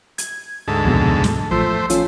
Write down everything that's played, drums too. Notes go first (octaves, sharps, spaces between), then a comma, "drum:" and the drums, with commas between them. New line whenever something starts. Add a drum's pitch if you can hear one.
G#6, drum: hi-hat
D2 G#2 A4
C2 F2 B2
drum: snare
A1 F3 A3 C5 E6
F3 C#4 F4, drum: hi-hat